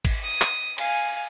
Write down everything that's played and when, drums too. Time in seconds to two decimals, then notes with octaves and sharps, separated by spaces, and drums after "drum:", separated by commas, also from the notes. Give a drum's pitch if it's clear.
0.05 drum: kick, cymbal
0.23 D#6
0.41 drum: clap
0.78 F5 G#5, drum: cymbal